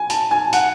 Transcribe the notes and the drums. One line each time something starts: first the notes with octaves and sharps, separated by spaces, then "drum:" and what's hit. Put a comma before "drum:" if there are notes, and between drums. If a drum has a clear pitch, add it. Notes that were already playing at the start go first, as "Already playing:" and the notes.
Already playing: G#5
A5, drum: hi-hat
G#5
F#5, drum: hi-hat